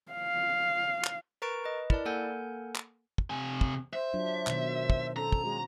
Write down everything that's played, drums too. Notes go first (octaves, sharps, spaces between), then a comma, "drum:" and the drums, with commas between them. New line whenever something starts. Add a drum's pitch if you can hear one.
F5
drum: clap
A#4 B4 A#5 C#6 A6 D7
B4 D#5
E4 A#4 D5 A5, drum: kick
A#3 A4 A#4 F#5 G#5 G6
drum: clap
drum: kick
C3 G#5
drum: kick
C5 E5
F#3 D4 F4
B2 D#3, drum: clap
drum: kick
C#4 A4 C5 A#5
drum: kick
G#3 F#4